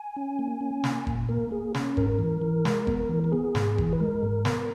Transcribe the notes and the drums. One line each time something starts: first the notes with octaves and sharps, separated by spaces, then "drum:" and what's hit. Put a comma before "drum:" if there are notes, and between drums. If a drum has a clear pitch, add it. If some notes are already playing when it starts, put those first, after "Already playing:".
Already playing: G#5
C#4
A#3
C#4
A#3, drum: snare
A#2, drum: kick F#1
A#3 A#4
A#3 G#4
C#4, drum: snare
G#2 A#4, drum: kick F#1
E3
E3
G#3, drum: snare
B3, drum: kick F#1
E3
A#4
B3 G#4
G#2, drum: snare
E3, drum: kick F#1
B4
G#3 A#4
G#2
B3, drum: snare